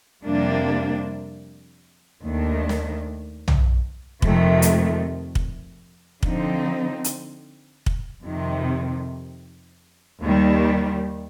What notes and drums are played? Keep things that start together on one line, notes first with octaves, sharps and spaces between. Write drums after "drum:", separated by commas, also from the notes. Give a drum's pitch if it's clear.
F2 C3 G3 A#3 D4
D#2 D#3 A3 D4
drum: snare
drum: tom B1
F2 C3 D#3 A3, drum: kick
drum: hi-hat
drum: kick
D3 F3 C4 D#4, drum: kick
drum: hi-hat
drum: kick
F2 C3 D#3
D#2 D#3 G3